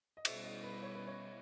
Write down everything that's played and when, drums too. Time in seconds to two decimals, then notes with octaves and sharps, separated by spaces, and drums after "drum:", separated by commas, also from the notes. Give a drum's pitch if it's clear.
0.17 D#5
0.25 B2 G3 C#4 E4 E5, drum: cymbal
0.45 D#5
0.64 B4
0.83 C#5
0.95 B4
1.07 C#5